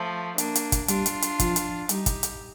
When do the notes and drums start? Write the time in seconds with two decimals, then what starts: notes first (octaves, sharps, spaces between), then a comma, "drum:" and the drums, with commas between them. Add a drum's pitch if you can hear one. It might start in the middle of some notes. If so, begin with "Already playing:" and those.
Already playing: F3 A3
0.38 A#3 D4, drum: hi-hat
0.55 drum: hi-hat
0.72 drum: kick, hi-hat
0.88 G3 D4 F4, drum: hi-hat
1.06 drum: hi-hat
1.22 drum: hi-hat
1.40 F3, drum: kick, hi-hat
1.56 drum: hi-hat
1.89 G3 D#4 G4, drum: hi-hat
2.06 drum: kick, hi-hat
2.23 drum: hi-hat